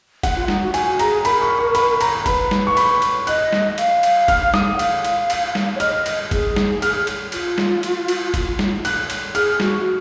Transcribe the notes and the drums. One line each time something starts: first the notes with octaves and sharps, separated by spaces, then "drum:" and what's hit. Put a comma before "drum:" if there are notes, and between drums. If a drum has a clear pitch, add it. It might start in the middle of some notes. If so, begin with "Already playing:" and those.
F#5, drum: kick, cymbal
F4
D#4, drum: snare
F#4
F#4 G#5, drum: cymbal
G#4 A#5, drum: cymbal
A#4 B5, drum: cymbal
C#6
C#6
B5, drum: cymbal
A#5, drum: cymbal
B4 B5, drum: kick, cymbal
drum: snare
C#6
B5, drum: cymbal
drum: cymbal
D#5 F#6, drum: cymbal
drum: snare
F5, drum: cymbal
drum: cymbal
F6, drum: kick, cymbal
D#6, drum: snare
F#5
F5, drum: cymbal
drum: cymbal
drum: cymbal
drum: snare
C#5
D#5 F6, drum: cymbal
drum: cymbal
G#4, drum: kick, cymbal
drum: snare
F6, drum: cymbal
drum: cymbal
F4, drum: cymbal
drum: snare
drum: cymbal
drum: cymbal
drum: kick, cymbal
drum: snare
F#6, drum: cymbal
drum: cymbal
G#4 F6, drum: cymbal
F#4, drum: snare